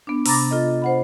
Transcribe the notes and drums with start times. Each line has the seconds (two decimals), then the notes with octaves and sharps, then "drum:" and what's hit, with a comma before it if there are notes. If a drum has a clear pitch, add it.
0.07 B3 D4
0.26 C3 A#5 B5 D6 A6 A#6, drum: open hi-hat
0.51 F4 A4 D#5
0.82 C5 F#5 B5